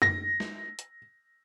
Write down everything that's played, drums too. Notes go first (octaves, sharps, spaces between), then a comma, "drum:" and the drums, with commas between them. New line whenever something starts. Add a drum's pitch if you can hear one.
A#6, drum: tom F#2
drum: snare
drum: hi-hat